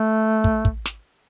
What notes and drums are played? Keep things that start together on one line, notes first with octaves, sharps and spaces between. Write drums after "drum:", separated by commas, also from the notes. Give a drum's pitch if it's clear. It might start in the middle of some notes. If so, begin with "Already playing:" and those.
Already playing: A3
drum: kick
drum: kick
drum: snare